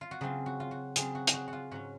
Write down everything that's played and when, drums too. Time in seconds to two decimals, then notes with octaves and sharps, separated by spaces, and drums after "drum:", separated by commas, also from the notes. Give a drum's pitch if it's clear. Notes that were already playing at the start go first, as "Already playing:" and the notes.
0.01 F4
0.11 F#4
0.21 C#3 F#3 C4 F4 G#4
0.46 F#4
0.60 F4
0.71 F#4
0.96 C#3 F#3 C4 F4 G#4, drum: hi-hat
1.15 F#4
1.27 G#4, drum: hi-hat
1.33 F#4
1.48 F#4
1.53 F4
1.71 G#2 F#3 C#4 F#4